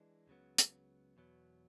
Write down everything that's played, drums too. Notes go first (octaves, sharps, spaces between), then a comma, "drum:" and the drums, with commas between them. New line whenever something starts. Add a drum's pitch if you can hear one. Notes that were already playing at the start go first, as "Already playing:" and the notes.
Already playing: E3 G#3 D4
C#2 C#3 F#3 B3
drum: hi-hat
E2 B2 F#3 B3